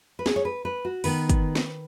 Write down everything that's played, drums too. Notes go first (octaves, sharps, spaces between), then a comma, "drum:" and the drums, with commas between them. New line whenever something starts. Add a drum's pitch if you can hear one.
B4
G#4, drum: snare
C#5
B4
B4
F#4
D#3 B3 B4, drum: open hi-hat
drum: kick, hi-hat
drum: snare